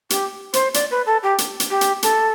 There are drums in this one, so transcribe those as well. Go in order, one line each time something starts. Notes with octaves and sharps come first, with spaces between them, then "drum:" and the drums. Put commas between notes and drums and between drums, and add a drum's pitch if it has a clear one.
G4, drum: hi-hat
C5, drum: hi-hat
D5, drum: hi-hat
B4
A4
G4
drum: hi-hat
drum: hi-hat
G4
drum: hi-hat
A4, drum: hi-hat